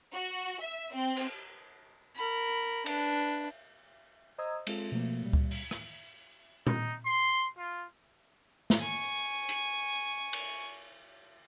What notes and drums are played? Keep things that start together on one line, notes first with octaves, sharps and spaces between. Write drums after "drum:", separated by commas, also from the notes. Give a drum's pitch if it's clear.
F#4
E5
C4
drum: cymbal
A#4 B5
D4 B4, drum: cymbal
C5 D#5 A#5 D#6 E6 G#6
G#3 C4 F4 A4, drum: cymbal
B2 F3 A3 A#3
A#2 G3
drum: kick C#2
drum: open hi-hat
drum: rim click
D#4, drum: tom A#2
C6
F4
drum: snare
G#5 C#6
drum: hi-hat
drum: cymbal